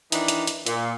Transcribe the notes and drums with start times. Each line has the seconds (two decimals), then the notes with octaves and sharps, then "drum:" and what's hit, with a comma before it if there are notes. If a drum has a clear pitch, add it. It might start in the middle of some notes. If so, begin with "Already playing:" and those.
0.12 D#3 E3 D4 D#4, drum: hi-hat
0.28 drum: hi-hat
0.47 drum: hi-hat
0.66 A#2, drum: hi-hat